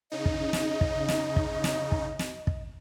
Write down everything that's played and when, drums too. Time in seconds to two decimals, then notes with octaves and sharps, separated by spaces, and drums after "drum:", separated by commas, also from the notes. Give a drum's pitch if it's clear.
0.12 C#3 D#4 D#5
0.25 drum: kick
0.53 drum: snare
0.81 drum: kick
1.09 drum: snare
1.36 drum: kick
1.64 drum: snare
1.92 drum: kick
2.19 drum: snare
2.47 drum: kick